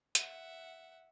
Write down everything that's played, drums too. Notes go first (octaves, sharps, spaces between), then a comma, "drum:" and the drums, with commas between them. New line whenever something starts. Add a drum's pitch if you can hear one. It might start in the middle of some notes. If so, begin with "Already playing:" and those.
E5 F#5, drum: hi-hat